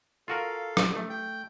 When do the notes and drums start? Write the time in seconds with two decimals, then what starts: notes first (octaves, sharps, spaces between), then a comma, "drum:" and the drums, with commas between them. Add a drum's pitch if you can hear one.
0.28 F4 F#4 A4 A#4 F5
0.77 drum: rim click
0.96 A3
1.10 G5 G6